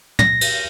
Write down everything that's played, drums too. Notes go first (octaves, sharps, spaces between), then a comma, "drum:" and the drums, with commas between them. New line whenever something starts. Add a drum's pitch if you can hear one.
A#6, drum: tom
drum: cymbal